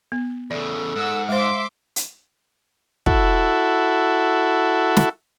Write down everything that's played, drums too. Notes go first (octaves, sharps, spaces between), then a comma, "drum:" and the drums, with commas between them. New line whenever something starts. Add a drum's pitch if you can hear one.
B3
E2 C#3 A4 D5
G#2 F#5 E6
G#3 C5 E5 F5 C6 D6
drum: hi-hat
E4 F#4 A4, drum: kick
drum: snare